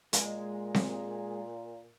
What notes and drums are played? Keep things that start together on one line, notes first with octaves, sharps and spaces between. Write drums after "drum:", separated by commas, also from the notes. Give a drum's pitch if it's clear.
A#2 G#3, drum: hi-hat
drum: snare C4